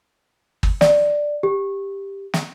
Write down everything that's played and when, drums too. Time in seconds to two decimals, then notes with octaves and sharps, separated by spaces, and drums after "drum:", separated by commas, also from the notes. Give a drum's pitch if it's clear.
0.63 drum: kick G1
0.81 D5, drum: snare
1.43 G4
2.34 drum: snare